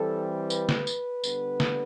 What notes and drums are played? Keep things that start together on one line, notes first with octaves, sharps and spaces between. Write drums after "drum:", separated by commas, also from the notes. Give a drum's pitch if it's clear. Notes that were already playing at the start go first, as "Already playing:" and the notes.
Already playing: E3 G3 C4 A4
B4, drum: tambourine
drum: snare
drum: tambourine
D3 G3 B3, drum: tambourine
drum: snare